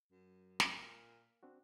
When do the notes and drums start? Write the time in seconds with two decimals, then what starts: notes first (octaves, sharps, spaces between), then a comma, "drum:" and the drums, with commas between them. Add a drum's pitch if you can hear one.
0.12 F#2
0.60 drum: snare
0.72 A#2
1.43 C4 D4 F#4